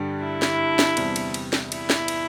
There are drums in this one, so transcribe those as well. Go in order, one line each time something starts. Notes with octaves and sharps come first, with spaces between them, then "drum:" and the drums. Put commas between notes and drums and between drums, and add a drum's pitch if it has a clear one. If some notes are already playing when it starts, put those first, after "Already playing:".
Already playing: G2 D3 G3
E4
drum: snare
drum: snare
E2 C3 G3 D4, drum: cymbal
drum: cymbal
drum: cymbal
drum: snare
E4, drum: cymbal
drum: snare
drum: cymbal